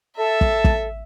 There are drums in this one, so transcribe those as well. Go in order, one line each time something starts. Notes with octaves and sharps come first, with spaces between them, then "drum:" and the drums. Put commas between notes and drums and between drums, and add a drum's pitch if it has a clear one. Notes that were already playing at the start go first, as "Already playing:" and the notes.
A4 E5 A5
drum: kick
drum: kick